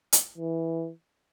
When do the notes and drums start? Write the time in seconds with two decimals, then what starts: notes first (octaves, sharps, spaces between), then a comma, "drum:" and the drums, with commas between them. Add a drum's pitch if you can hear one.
0.13 drum: hi-hat
0.38 E3